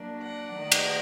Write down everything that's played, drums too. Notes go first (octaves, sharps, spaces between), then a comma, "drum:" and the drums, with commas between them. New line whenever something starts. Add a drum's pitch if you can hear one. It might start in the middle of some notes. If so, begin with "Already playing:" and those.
Already playing: F#3 A#3 D4
D5 F#5
D#3 A3 D#4
drum: cymbal